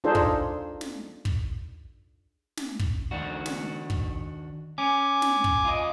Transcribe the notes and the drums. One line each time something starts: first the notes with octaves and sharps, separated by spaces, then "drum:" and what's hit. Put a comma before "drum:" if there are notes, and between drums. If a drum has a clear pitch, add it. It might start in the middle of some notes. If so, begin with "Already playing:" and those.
D4 D#4 F4 G#4 A4 C5
drum: kick
drum: snare
drum: kick
drum: snare
drum: kick
D#3 D4 F#4
drum: snare
drum: kick
C#4 G#5 D6
drum: snare
drum: kick
F4 D#5